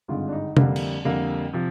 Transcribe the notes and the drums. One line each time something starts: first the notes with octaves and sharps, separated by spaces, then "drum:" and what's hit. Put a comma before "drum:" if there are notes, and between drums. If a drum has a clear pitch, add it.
G#1 G2 D3 G#3 F4
D4
D#4
F2 D3 G3 A#3 D4, drum: tom
drum: cymbal
F2 D3 G3 A#3
C3 F3